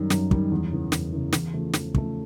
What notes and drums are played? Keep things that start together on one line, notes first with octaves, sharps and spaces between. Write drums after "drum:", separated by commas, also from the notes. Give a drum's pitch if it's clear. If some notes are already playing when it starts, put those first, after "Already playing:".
Already playing: F#2 D#3 G3
F#2, drum: snare
D#3 G3, drum: kick
E2
C#3 E3
E2, drum: snare
C#3 E3
E2, drum: snare
C#3 F3 A3
E2, drum: snare
C#3 F3 A3, drum: kick